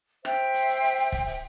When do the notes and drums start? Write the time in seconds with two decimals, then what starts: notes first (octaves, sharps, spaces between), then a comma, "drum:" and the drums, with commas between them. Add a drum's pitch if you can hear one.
0.25 C5 E5 G5, drum: rim click
0.54 drum: hi-hat
0.69 drum: hi-hat
0.83 drum: hi-hat
0.98 drum: hi-hat
1.12 drum: kick, hi-hat
1.27 drum: hi-hat